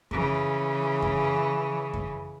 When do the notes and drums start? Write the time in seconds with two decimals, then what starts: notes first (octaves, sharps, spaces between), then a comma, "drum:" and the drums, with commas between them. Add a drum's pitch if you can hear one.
0.11 C#3 E3, drum: kick F#2
1.02 drum: kick F#2
1.94 drum: kick F#2